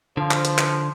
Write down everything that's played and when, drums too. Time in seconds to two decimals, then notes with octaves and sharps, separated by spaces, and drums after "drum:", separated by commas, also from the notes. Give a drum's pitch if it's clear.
0.17 D3 F3
0.31 drum: clap
0.45 drum: hi-hat
0.58 drum: clap